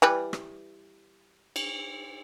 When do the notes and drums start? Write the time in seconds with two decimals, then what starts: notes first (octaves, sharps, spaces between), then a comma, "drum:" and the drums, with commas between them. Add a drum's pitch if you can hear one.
0.02 E3 G3 B4
0.33 drum: rim click
1.56 drum: cymbal